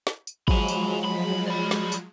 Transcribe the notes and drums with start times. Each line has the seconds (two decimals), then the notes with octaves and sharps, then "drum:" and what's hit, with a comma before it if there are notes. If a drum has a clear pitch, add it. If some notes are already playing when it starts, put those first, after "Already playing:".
0.07 drum: snare
0.27 drum: tambourine
0.48 F3 F#3 G#3 G#5 B5, drum: kick
0.68 drum: tambourine
1.04 B5
1.48 D5 B5
1.71 drum: snare
1.92 drum: tambourine